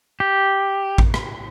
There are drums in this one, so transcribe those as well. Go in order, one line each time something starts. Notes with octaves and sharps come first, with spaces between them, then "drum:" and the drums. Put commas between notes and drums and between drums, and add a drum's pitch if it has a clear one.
G4
drum: kick A1
drum: rim click